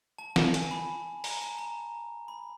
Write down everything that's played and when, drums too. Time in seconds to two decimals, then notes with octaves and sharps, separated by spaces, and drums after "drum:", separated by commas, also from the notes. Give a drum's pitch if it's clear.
0.18 A5
0.36 A5, drum: snare
0.54 G#5, drum: hi-hat
0.62 A5
0.71 B5
1.24 A#5, drum: open hi-hat
1.41 A5
1.58 A#5
2.28 B5